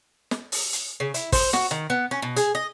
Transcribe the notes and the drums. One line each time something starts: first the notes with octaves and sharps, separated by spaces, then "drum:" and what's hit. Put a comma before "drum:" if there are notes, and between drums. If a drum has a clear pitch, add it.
drum: snare
drum: open hi-hat
drum: hi-hat
C#3
E4, drum: hi-hat
C5, drum: kick, open hi-hat
F#4, drum: snare
D#3
B3
C#4
B2
G#4, drum: hi-hat
D#5